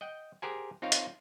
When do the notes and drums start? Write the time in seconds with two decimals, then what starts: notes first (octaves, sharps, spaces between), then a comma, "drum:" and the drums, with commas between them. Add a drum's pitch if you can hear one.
0.01 D#5 F#5 G5
0.42 G4 G#4 A#4 C5 F#5 G#5
0.82 C4 D#4 F4 A#4 C#5 F5
0.92 drum: hi-hat